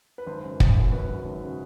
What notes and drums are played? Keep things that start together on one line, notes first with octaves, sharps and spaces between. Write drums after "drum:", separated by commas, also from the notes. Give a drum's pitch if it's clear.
B4
G#1 C5
F#2 C#3 F#3
G#1, drum: kick
F#2 C#3 F#3
G#1 B4
F#2 C#3 F#3
G#1
C#3 F#3